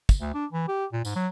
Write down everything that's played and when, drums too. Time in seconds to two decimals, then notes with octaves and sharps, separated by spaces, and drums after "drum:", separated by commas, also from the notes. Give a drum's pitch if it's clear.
0.09 drum: kick, tambourine
0.21 D2
0.34 D4
0.53 E3
0.68 G4
0.93 A#2
1.05 G#2, drum: tambourine
1.16 F#3